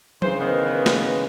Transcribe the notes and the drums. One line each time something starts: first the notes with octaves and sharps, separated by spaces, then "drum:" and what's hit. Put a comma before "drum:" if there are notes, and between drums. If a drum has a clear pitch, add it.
C#3 E3 C5, drum: tom F#3
D#3 B3
drum: snare